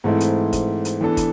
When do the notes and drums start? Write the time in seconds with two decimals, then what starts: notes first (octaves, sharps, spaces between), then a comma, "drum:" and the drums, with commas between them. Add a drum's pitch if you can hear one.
0.04 G#2 E3 A3 C4 E4
0.20 drum: hi-hat
0.53 drum: kick, hi-hat
0.85 drum: hi-hat
1.01 E3 B3 D4 A4
1.17 drum: kick, hi-hat